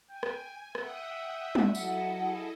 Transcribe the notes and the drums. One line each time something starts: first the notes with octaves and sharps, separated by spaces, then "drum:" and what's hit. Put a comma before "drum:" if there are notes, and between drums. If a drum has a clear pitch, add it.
G5 G#5
drum: rim click
E5 F#5 G5 D#6, drum: rim click
drum: tom
F#3 E4 A4 D#5 F#5, drum: tambourine
G#4